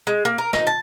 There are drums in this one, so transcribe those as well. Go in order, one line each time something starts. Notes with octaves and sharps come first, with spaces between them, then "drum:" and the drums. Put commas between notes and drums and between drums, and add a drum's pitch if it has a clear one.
G#3
A#3
A#4
D#4, drum: snare
A5